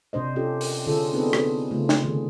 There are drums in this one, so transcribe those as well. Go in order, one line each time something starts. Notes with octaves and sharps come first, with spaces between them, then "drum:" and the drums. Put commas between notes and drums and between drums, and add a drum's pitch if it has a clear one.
C3 D4 C5 D#5
C#4 F4 G4 A4
drum: open hi-hat
D3 C#4 F4 G#4 A4
B3 C4 D4 D#4 G#4 B4
drum: rim click
C#3 A3 F4
drum: snare
D3 D#3 G#4